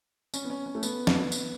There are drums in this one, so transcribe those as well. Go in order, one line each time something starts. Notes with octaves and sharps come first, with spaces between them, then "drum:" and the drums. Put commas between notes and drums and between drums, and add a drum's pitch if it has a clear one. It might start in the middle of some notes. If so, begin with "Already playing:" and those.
C#4, drum: tambourine
B3
C#4
C#4
A3
B3, drum: tambourine
drum: snare
drum: tambourine